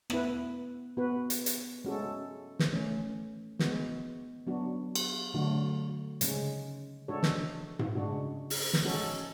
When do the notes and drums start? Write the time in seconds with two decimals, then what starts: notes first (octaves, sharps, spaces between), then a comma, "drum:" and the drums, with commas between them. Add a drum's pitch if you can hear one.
0.10 B3 E4 B4, drum: rim click
0.97 B3 F#4 B4
1.30 drum: hi-hat
1.46 drum: hi-hat
1.85 G#3 C#4 F#4 A4
2.59 drum: snare
2.73 E3 A3 C#4
3.59 G#3 B3 F#4, drum: snare
4.47 F#3 B3 D4 F#4
4.95 drum: cymbal
5.34 D3 F#3 A3 D4 F#4
6.21 C#3 G#3 C#4, drum: hi-hat
7.08 G#3 D4 F#4 A4 C#5
7.23 drum: snare
7.79 drum: tom G#2
7.95 C#3 G#3 D4 F#4
8.50 drum: open hi-hat
8.73 drum: snare
8.84 G#3 C#4 F#4 A4